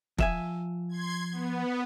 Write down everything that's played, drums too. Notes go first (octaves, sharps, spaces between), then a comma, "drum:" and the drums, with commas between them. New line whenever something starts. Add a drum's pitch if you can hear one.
F3 E5 G#5, drum: kick
C6 G#6
B3